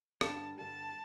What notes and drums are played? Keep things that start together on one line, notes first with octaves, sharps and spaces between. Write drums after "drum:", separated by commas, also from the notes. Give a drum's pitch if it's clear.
G2 D3 G3 A5, drum: rim click
G2 D3 G3 A5